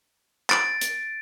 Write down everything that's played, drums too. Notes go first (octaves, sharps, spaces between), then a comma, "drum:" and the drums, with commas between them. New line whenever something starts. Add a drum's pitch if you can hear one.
A6 D7, drum: clap
drum: hi-hat